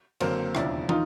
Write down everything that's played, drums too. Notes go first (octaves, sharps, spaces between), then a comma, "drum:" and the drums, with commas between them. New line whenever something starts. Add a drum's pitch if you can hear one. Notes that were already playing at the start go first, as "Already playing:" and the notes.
F#1 F#2 D3 A#3 C4, drum: cymbal
E1 D#2 C#3 F3 D4 E4, drum: rim click
D#3 D#4 F4, drum: tom